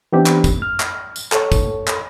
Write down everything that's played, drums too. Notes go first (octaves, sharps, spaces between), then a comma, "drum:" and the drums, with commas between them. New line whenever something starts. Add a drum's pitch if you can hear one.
E3 B3 C4 D4 G4
drum: clap
drum: kick, tambourine
F6
drum: clap
drum: tambourine
A4 C#5, drum: clap
drum: kick, tambourine
drum: clap